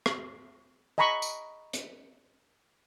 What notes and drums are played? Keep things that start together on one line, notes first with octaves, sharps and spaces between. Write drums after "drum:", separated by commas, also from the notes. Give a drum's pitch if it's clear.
drum: rim click
D#5 G#5 A#5 B5 C#6
drum: tambourine
drum: hi-hat